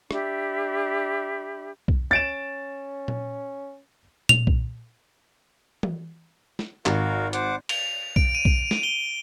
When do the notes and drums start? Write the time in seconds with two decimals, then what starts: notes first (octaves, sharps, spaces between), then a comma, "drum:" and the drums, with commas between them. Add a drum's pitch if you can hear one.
0.11 D4 G4 E5 B5, drum: rim click
1.88 drum: kick B1
2.11 C#4 A6 D7 E7
3.08 drum: tom A#2
4.29 F7, drum: tom A#2
4.47 drum: kick B1
5.83 drum: tom E3
6.59 drum: snare
6.86 G#1 F#4 A#4 F5, drum: clap
7.33 C5 F#5 D6, drum: hi-hat
7.69 F7, drum: cymbal
8.16 D7, drum: kick B1
8.35 D#7
8.45 drum: kick B1
8.71 drum: snare
8.83 G7